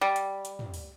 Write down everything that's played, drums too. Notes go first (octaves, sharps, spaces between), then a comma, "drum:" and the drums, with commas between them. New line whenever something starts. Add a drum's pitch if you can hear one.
G3
drum: hi-hat
drum: hi-hat
drum: tom
drum: open hi-hat